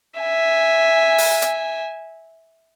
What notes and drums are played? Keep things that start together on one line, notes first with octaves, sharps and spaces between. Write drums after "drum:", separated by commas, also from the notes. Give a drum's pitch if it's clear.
E5 G#5
drum: open hi-hat
drum: hi-hat